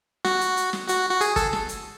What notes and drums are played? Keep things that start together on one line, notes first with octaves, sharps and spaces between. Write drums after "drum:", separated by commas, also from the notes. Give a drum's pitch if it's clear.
F#4, drum: snare
drum: hi-hat
drum: hi-hat
drum: snare
F#4, drum: hi-hat
F#4
G#4, drum: hi-hat
A4, drum: kick, hi-hat
drum: snare
drum: hi-hat